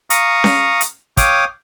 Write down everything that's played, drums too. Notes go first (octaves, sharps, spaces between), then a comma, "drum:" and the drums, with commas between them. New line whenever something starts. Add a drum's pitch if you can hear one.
F5 A#5 C#6 D#6, drum: hi-hat
drum: snare C#4
drum: hi-hat
C#5 F5 G5 D6 D#6, drum: kick, hi-hat